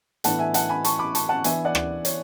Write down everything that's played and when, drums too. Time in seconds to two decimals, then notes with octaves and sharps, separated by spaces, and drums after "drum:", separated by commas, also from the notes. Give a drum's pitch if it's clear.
0.24 A2 E3 B3 D4 F#5 A5, drum: hi-hat
0.39 E5 G#5
0.54 F#5 A5, drum: hi-hat
0.69 G#5 B5
0.85 A5 C#6, drum: hi-hat
0.99 B5 D6
1.15 A5 C#6, drum: hi-hat
1.29 F#5 A5
1.44 E3 B3 D4 E5 G#5, drum: hi-hat
1.65 D5 F#5
1.75 drum: rim click
2.05 C#5, drum: hi-hat